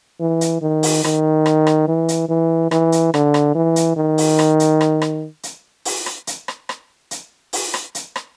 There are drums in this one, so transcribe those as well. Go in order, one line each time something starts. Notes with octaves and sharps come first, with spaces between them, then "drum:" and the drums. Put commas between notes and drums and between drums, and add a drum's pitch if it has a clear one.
E3
drum: hi-hat
D#3
drum: open hi-hat
D#3, drum: rim click
drum: rim click
drum: rim click
E3
drum: hi-hat
E3
E3, drum: rim click
drum: hi-hat
D3, drum: rim click
drum: rim click
E3
drum: hi-hat
D#3
drum: open hi-hat
drum: rim click
drum: hi-hat
drum: rim click
drum: rim click
drum: hi-hat
drum: open hi-hat
drum: rim click
drum: hi-hat
drum: rim click
drum: rim click
drum: hi-hat
drum: open hi-hat
drum: rim click
drum: hi-hat
drum: rim click